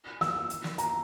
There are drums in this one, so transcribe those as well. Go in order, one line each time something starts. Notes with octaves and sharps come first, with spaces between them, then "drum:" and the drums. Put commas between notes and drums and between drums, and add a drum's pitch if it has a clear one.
E6, drum: snare
drum: hi-hat
drum: snare
A#5, drum: hi-hat